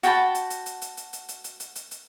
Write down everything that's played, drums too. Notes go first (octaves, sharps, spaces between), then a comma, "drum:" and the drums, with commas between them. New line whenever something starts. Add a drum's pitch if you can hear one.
F#4 G5 A5 B5, drum: hi-hat
drum: hi-hat
drum: hi-hat
drum: hi-hat
drum: hi-hat
drum: hi-hat
drum: hi-hat
drum: hi-hat
drum: hi-hat
drum: hi-hat
drum: hi-hat
drum: hi-hat